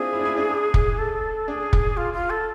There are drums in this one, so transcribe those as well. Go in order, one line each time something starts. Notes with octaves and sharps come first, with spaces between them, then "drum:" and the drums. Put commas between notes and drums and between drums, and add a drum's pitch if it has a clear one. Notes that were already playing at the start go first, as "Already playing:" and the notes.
Already playing: C4 D4 E4 F4 G#4
E4
D4
E4
D4
D4
drum: kick
A4
D4 G#4
drum: kick
F4
F4
A4